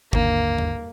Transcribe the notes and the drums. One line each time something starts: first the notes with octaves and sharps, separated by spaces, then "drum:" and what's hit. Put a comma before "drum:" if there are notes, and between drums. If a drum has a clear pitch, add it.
G#1 D#2 D3 A#3, drum: kick
drum: tom E2